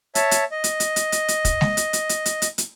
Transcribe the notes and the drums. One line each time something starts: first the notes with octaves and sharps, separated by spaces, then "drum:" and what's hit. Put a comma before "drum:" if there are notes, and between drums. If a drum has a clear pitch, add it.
C#5 E5 A5, drum: hi-hat
drum: hi-hat
D#5
drum: hi-hat
drum: hi-hat
drum: hi-hat
drum: hi-hat
drum: hi-hat
drum: kick, hi-hat
drum: snare
drum: hi-hat
drum: hi-hat
drum: hi-hat
drum: hi-hat
drum: hi-hat
drum: hi-hat